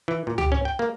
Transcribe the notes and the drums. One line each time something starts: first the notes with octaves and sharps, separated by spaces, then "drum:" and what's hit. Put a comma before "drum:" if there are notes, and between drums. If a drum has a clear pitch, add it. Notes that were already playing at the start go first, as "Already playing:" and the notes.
E3
A#2
G4, drum: tom C#2
C#4
G5
A#3